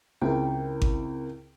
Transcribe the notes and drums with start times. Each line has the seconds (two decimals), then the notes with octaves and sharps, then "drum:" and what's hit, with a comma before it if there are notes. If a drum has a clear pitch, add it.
0.21 C#2 C4 E4 A#4 G5
0.82 drum: kick G#1